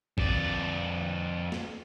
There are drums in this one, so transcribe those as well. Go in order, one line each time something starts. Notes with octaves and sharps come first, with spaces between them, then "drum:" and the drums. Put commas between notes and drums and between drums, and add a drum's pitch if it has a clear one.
F2 D5, drum: kick
drum: snare